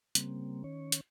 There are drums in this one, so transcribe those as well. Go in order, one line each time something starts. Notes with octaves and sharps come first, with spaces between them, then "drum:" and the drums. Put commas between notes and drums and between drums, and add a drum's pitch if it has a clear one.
C#3 G3 A#3 C4, drum: hi-hat
D#3 C#4 C#5
drum: hi-hat